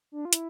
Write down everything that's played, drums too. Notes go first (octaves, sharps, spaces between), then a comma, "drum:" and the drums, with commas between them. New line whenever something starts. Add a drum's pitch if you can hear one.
D4
F4
E4, drum: hi-hat